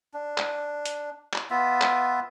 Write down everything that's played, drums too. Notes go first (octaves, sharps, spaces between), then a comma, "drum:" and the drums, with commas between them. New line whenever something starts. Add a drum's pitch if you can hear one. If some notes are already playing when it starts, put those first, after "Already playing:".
D4
drum: clap
drum: hi-hat
drum: clap
B3 F4 E5
drum: clap